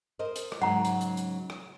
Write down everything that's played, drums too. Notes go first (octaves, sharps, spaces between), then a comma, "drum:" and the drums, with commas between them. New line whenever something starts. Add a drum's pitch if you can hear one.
A#4 C5 D#5
drum: hi-hat
drum: rim click
G#2 C#3 F#3 F#5 A#5
drum: hi-hat
drum: hi-hat
drum: hi-hat
drum: rim click